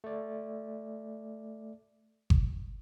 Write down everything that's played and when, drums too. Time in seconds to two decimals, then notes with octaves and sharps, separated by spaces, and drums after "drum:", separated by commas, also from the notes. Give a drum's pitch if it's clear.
0.04 A3 D5
2.30 drum: kick G1